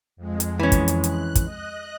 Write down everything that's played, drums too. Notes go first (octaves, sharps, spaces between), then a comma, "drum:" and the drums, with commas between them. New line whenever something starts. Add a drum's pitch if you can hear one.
F2 G#3
drum: hi-hat
E3 C#4
drum: kick, hi-hat
drum: hi-hat
F#6, drum: hi-hat
drum: kick, hi-hat
D#5 F#6